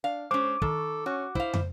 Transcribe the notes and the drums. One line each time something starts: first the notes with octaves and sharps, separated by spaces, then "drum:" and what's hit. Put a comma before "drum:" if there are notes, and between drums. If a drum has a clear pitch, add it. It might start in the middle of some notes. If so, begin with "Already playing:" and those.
D4 F5
G#3 C#4 C5 D6
D#3 A4, drum: kick
C#4 F#4
E4 C5 F5, drum: kick
drum: tom